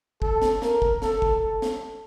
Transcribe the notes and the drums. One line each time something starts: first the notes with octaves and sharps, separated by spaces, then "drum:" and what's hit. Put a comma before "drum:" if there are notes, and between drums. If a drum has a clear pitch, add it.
A4, drum: kick
drum: snare
A#4, drum: snare
drum: kick
A4, drum: snare
drum: kick
A4
drum: snare